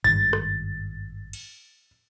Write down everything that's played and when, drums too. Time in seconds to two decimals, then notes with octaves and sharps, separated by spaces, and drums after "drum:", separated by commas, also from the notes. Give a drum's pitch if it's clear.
0.04 G#1 G2 D#3 A6, drum: tom G2
0.33 drum: rim click
1.33 drum: cymbal